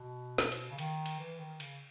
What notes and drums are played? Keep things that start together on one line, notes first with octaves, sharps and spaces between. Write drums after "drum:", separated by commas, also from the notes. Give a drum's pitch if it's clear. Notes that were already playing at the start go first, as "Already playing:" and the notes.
Already playing: B2
drum: snare
drum: cymbal
C#3
D#3, drum: cymbal
drum: cymbal
E3
D#3
C#3, drum: cymbal